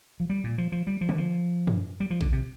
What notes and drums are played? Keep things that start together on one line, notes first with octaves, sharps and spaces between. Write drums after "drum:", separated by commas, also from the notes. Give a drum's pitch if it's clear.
F3
G3
A#2
F3
F3
G3
F3
D3, drum: tom D3
F3
drum: tom F#2
G3
F3
D3, drum: kick A#1
C3